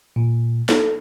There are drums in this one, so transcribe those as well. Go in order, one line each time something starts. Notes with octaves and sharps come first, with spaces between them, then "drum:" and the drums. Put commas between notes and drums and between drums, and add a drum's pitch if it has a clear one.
A#2
A4, drum: snare